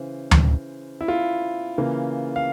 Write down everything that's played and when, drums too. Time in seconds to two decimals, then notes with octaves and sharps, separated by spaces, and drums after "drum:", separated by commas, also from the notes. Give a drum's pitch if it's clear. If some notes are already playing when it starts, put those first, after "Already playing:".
Already playing: C#3 E3 C5
0.31 drum: tom D2
1.01 E4
1.08 F4
1.78 C#3 E3 A#3
2.36 F5